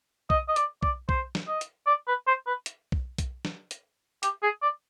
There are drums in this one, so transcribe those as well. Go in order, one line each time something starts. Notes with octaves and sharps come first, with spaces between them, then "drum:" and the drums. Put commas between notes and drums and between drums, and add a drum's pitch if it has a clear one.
D#5, drum: kick B1
D#5
D5, drum: hi-hat
D5, drum: kick B1
C5, drum: kick B1
drum: snare
D#5
drum: hi-hat
D5
B4
C5
B4
drum: hi-hat
drum: kick B1
drum: kick B1, hi-hat
drum: snare
drum: hi-hat
G4, drum: hi-hat
G#4
D5